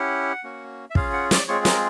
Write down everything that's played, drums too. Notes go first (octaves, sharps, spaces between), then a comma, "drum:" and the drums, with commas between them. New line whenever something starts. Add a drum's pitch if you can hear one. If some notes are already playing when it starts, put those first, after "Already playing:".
Already playing: C#4 E4 G4 F#5
A#3 C#4 F#4
E5
C#4 F4 G#4 F5, drum: kick
F#5
D5, drum: snare
G#3 C4 F4 G#4 C#5
A#4, drum: snare